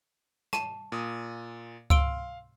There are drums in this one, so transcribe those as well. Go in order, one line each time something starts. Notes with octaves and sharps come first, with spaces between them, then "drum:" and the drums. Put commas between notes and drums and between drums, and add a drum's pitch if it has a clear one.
A5 D#7 E7, drum: rim click
A#2 D#6
F5 C6 E6 D7 G7, drum: kick C#2